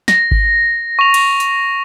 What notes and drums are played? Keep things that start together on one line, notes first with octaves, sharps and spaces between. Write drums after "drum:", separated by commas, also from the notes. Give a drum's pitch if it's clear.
A#6, drum: snare
drum: kick G#1
C#6 F7
drum: cymbal
drum: hi-hat